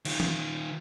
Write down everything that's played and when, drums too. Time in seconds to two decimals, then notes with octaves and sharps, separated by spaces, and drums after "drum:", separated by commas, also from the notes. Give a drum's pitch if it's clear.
0.05 D#3 F4, drum: cymbal
0.20 drum: tom E3